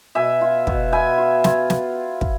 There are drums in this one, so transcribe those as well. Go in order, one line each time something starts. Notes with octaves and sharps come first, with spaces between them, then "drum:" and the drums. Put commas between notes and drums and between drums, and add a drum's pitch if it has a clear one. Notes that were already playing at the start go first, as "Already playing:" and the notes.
B2 E5 G#5
F4
B2, drum: kick
B3 E5 G#5
F4
F4, drum: snare
drum: snare
drum: kick